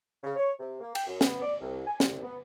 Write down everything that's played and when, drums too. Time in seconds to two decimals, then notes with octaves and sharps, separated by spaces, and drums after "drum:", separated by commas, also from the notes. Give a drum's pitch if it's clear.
0.24 C#3
0.36 C#5
0.59 C3
0.81 A#3
0.95 G5, drum: cymbal
1.07 F#2
1.21 B3, drum: snare
1.42 D5
1.60 C2
1.87 G#5
2.00 C2, drum: snare
2.23 B3